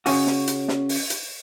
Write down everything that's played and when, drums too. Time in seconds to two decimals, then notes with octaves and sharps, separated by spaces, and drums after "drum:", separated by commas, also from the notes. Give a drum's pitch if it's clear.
0.06 C#3 C#4 F#4, drum: open hi-hat
0.27 drum: snare
0.47 drum: hi-hat
0.68 drum: snare
0.89 drum: open hi-hat
1.10 drum: hi-hat